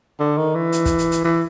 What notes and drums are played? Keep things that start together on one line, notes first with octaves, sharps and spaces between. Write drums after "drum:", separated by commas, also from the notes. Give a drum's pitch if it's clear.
D3
D#3
E3
drum: hi-hat
drum: kick, hi-hat
drum: hi-hat
drum: hi-hat
E3